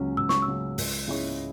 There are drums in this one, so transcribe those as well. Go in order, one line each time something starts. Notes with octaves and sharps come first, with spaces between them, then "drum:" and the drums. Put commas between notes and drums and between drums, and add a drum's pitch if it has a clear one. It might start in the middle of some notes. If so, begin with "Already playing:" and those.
Already playing: C#2 C#3 F#3 C#4
C#2 E6
C#6, drum: snare
E6
C#3 F#3 C#4
C#2, drum: open hi-hat
C#3 G#3 E4 C#5